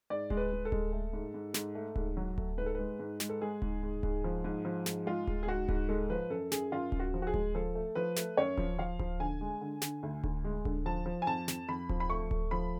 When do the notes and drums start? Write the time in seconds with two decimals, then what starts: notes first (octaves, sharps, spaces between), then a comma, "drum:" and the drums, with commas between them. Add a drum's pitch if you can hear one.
0.10 G#2 D5
0.30 G#3, drum: kick D1
0.37 B4
0.52 G#3
0.65 A4
0.72 G#3, drum: kick D1
0.93 A3
1.13 G#2
1.34 G#2
1.54 G#2, drum: snare
1.75 A3
1.96 G#2, drum: kick D1
2.17 F#3
2.38 A3, drum: kick D1
2.58 G#2 B4
2.66 A4
2.75 G#3 B4
2.99 G#2
3.20 G#3, drum: snare
3.29 A4
3.41 G#3 G#4
3.62 G#2, drum: kick D1
3.83 G#2
4.03 G#2, drum: kick D1
4.24 F3
4.44 G#2
4.65 F3
4.86 G#2, drum: snare
5.06 G#3 F4
5.27 G#3, drum: kick D1
5.43 G#4
5.47 G#2 F#4
5.69 G#2, drum: kick D1
5.89 G#3 A4
6.10 F3 B4
6.30 F#2 A4
6.52 F#2 G#4, drum: snare
6.72 F#2 F4
6.92 F#2, drum: kick D1
6.99 F#4
7.14 F3
7.22 F#4
7.27 G#4
7.34 G#3, drum: kick D1
7.55 F3 A4
7.75 A3
7.95 F3 B4
8.16 A3, drum: snare
8.37 F#2 C#5
8.57 F3, drum: kick D1
8.78 F3 F5
8.99 F3, drum: kick D1
9.20 D3 G#5
9.41 G#3
9.61 D3
9.82 D3, drum: snare
10.03 D2
10.24 D2, drum: kick D1
10.44 G#3
10.65 D3, drum: kick D1
10.86 F3 A5
11.06 F3
11.22 G#5
11.27 F2 A5
11.48 F2, drum: snare
11.69 F2 B5
11.89 F3, drum: kick D1
12.00 B5
12.09 A3 C#6
12.31 A3, drum: kick D1
12.51 F3 B5